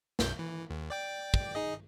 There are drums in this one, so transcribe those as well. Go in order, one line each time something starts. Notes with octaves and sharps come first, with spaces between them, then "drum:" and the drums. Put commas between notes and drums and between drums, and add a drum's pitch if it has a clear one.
B1 F#2 G6, drum: snare
E3
D#2
D5 G5 D6
drum: kick
D#4 G#4 D#5